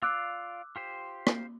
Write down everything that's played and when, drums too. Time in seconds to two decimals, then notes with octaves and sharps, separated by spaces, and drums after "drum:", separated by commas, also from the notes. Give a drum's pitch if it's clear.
0.02 F4 D5 F5 D6 E6 F#6
0.76 F4 G4 C5
1.27 drum: rim click